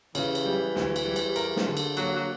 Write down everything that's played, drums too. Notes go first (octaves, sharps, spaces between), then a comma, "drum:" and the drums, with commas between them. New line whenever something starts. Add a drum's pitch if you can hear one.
C#3 E3, drum: cymbal
drum: cymbal
G3
D2, drum: snare
drum: cymbal
G3
drum: cymbal
A#4, drum: cymbal
drum: snare
D3
drum: cymbal
F#3 A#3, drum: cymbal
F#3